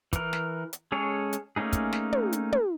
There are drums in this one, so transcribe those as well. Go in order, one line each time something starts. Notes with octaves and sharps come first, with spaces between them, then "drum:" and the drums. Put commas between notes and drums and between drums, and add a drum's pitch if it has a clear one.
E3 A#4, drum: kick, hi-hat
drum: snare
drum: hi-hat
G#3 C#4 G#4 A4 C#5
drum: hi-hat
A3 A#3 C#4 D#4 G#4
drum: kick, hi-hat
drum: snare
drum: tom
drum: hi-hat
drum: tom